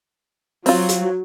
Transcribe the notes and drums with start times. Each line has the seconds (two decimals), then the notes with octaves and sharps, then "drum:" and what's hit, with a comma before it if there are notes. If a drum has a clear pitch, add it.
0.66 F#3 C4 F4, drum: open hi-hat
0.89 drum: hi-hat